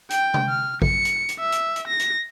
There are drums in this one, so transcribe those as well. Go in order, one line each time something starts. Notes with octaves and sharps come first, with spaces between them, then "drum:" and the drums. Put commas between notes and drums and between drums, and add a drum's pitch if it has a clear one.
G5, drum: hi-hat
drum: tom C3
F6
C#7, drum: kick A1
drum: hi-hat
drum: hi-hat
E5
drum: hi-hat
drum: hi-hat
A#6
drum: hi-hat